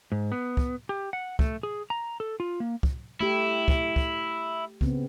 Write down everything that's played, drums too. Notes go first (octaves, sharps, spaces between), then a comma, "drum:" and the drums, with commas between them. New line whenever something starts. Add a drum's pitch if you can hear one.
G#2
B3
drum: kick
G4
F#5
A3, drum: kick
G#4
A#5
A4
F4
A#3
drum: kick
A3 E4 G4
drum: kick
drum: kick
C#3 B3 C4, drum: kick